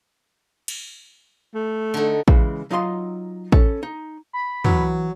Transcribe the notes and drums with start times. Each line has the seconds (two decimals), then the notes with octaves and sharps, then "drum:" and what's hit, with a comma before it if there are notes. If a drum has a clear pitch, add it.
0.68 drum: cymbal
1.55 A3
1.94 D3 D#4
2.28 C#3 E3 G#3, drum: kick A1
2.70 F#3 D#4 F4 D#5 A#5 C6
3.52 C#4 A4, drum: kick A1
3.83 D#4
4.33 B5
4.65 E3 F#3, drum: tom